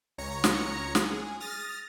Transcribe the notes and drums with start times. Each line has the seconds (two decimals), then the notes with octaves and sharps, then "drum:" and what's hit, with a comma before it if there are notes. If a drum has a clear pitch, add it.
0.18 C#2 C#5 A#5 C#7
0.44 drum: snare
0.95 G#4, drum: snare
1.40 D#6 F6 A6 A#6